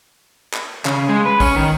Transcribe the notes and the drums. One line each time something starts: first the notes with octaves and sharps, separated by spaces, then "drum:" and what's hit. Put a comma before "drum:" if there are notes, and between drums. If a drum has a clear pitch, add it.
drum: clap
C#3, drum: clap
G#3
B4
C#4, drum: kick, open hi-hat
D#3